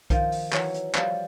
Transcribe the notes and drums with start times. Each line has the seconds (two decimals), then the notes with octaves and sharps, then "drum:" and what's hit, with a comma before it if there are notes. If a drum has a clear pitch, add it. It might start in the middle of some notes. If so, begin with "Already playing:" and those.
0.10 D#3 F3, drum: kick B1, hi-hat
0.32 drum: open hi-hat
0.53 E3 F#3, drum: clap
0.74 drum: hi-hat
0.95 F3 G3, drum: clap